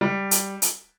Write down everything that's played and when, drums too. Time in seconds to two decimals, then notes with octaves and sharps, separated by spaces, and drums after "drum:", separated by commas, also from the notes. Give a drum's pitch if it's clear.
0.01 G3
0.31 drum: hi-hat
0.62 drum: hi-hat